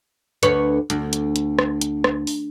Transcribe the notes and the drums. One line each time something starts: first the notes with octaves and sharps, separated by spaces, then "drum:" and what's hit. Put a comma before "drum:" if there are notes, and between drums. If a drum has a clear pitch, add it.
D2 B4 C#5, drum: hi-hat
D2, drum: hi-hat
drum: hi-hat
drum: hi-hat
drum: rim click
drum: hi-hat
drum: rim click
drum: open hi-hat